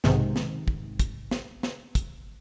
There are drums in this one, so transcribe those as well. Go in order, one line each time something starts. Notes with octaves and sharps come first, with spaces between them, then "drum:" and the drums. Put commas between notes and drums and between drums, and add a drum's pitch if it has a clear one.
B1 G#2 C3 D#3, drum: snare
drum: snare
drum: kick
drum: kick, hi-hat
drum: snare
drum: snare
drum: kick, hi-hat